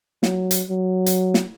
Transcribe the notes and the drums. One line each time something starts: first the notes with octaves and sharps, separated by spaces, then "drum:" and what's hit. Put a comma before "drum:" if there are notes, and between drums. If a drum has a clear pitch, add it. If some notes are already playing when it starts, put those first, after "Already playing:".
F#3, drum: snare
drum: hi-hat
F#3
drum: hi-hat
drum: snare